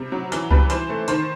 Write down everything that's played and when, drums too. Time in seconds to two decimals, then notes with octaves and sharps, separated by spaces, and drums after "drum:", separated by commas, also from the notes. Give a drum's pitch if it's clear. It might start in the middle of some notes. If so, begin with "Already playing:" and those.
Already playing: C3 G3
0.12 F#3
0.32 E3, drum: hi-hat
0.51 G3 B4, drum: kick C#2
0.70 E3 C5, drum: hi-hat
0.89 A3
1.08 D#3 C5, drum: hi-hat